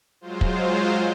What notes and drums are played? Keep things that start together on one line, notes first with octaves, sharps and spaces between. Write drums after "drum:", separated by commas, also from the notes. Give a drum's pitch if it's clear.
F#3 G#3 F4 C5
drum: kick